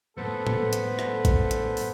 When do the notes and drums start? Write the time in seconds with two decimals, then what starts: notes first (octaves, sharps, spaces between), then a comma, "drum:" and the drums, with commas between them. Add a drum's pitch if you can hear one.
0.17 F#2 A2 B3 A4 B4 C5
0.47 drum: tom A2
0.73 drum: hi-hat
0.99 E3 D4 A4, drum: rim click
1.25 drum: kick, hi-hat
1.51 drum: hi-hat
1.77 drum: open hi-hat